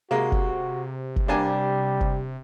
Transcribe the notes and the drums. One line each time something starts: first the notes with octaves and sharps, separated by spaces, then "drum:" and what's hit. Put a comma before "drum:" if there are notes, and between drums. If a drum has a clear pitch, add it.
C3 G#3 A#3 F#4
drum: kick
drum: kick
G3 A#3 D4 G#5
drum: kick